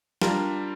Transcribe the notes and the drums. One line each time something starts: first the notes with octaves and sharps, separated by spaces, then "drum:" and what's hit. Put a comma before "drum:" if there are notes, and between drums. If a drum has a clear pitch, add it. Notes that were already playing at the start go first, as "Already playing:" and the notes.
G3 D4 F4 A#4, drum: snare